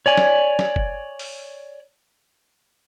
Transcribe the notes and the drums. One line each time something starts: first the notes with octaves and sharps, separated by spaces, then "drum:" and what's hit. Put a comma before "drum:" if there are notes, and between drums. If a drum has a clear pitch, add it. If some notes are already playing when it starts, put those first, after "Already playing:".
C#5 D5 G#5
drum: snare
drum: snare
drum: kick F#1
drum: open hi-hat